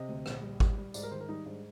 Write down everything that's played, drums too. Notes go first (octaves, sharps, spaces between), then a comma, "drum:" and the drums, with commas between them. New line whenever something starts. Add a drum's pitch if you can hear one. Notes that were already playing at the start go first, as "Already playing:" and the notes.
Already playing: C3 D#5
D2
A#1, drum: rim click
G3
G3, drum: kick G#1
G3
G#2 D5, drum: tambourine
A#4
D#3 C5
A#4
G3 D#4
G#2 D4